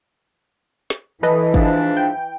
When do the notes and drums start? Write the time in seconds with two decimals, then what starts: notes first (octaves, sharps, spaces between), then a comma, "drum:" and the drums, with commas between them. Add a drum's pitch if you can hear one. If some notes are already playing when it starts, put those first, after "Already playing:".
0.90 drum: snare
1.23 E3 A4 B4 D#5
1.54 G#2 F3 D4, drum: kick
1.97 G5